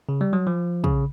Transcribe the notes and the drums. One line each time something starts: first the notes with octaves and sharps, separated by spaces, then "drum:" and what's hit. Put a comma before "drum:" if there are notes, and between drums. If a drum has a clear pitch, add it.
C#3
G3
F#3
F3
C#3, drum: kick